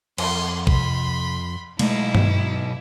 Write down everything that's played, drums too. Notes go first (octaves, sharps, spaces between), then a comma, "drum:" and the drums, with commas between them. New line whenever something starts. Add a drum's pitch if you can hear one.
F2 C6, drum: cymbal
C3 B5 C6, drum: kick
B1 G#3 A3 D#4 E4, drum: cymbal
drum: tom G2